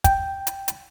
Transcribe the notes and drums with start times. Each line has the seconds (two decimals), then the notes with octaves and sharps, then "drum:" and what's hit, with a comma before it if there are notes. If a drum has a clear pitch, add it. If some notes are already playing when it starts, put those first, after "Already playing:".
0.04 G5, drum: kick, hi-hat
0.47 drum: hi-hat
0.68 drum: hi-hat